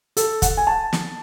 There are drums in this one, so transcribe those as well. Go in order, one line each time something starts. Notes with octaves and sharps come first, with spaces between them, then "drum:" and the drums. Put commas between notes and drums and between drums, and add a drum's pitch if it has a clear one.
A4, drum: hi-hat
F#5, drum: kick, hi-hat
G#5
A5
drum: snare